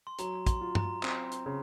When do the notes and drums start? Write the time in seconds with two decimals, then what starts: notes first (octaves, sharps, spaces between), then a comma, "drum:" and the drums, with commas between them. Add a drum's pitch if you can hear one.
0.07 C6
0.19 F#3 A#5, drum: hi-hat
0.46 C6, drum: kick, hi-hat
0.61 F4
0.75 A#5, drum: tom G2
1.03 C4, drum: clap
1.32 drum: hi-hat
1.46 C#3